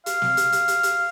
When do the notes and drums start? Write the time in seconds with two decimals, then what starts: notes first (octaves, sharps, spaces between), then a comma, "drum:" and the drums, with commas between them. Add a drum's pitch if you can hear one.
0.06 F5, drum: hi-hat
0.22 drum: snare
0.37 drum: hi-hat
0.52 drum: hi-hat
0.68 drum: hi-hat
0.83 drum: hi-hat